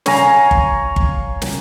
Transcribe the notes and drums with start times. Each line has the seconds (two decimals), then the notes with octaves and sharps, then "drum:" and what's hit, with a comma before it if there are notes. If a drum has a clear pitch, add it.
0.06 C#5 F5 G#5 A#5, drum: snare
0.51 drum: kick G1
0.96 drum: kick G1
1.42 drum: snare